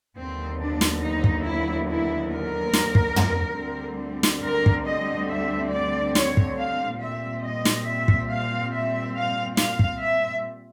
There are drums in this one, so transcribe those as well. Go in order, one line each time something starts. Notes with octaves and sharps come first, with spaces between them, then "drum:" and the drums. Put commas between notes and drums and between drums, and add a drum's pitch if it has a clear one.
D#2 D3 F#3 B3 C4
D4
drum: snare
D#4
drum: kick
E4
E4
A#4
drum: snare
drum: kick
drum: tom
D2 D3 G3 C4
drum: snare
A#4
drum: kick
D#5
E5
D5
C#5, drum: snare
drum: kick
F5
A#2 G3 C4 E5
D#5
drum: snare
E5
drum: kick
F5
E5
F5
F5, drum: snare
drum: kick
E5